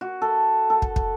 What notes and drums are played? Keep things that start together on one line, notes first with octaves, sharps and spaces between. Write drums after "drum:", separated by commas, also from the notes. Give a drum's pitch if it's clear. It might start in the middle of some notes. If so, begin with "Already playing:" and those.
F#4
A4
A4
drum: kick
drum: kick